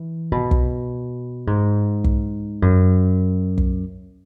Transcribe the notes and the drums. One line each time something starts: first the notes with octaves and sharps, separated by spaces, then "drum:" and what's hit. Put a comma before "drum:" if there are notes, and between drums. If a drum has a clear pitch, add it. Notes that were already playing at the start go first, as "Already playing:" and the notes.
Already playing: E3
B2
drum: kick
G#2
drum: kick
F#2
drum: kick